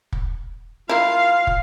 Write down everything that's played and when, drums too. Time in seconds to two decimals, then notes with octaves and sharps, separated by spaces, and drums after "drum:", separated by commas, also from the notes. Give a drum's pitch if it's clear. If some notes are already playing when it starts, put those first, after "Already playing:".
0.12 drum: kick
0.89 E4 F4 A#4 F5
1.47 drum: kick